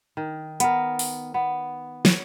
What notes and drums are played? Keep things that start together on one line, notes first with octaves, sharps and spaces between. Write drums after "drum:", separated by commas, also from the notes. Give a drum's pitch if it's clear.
D#3
B3 A#4, drum: hi-hat
drum: open hi-hat
B3
C#5, drum: snare